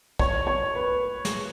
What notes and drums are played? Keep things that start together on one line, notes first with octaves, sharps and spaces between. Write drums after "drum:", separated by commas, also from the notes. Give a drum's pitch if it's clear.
C#5, drum: kick
C#5
B4
G#4, drum: snare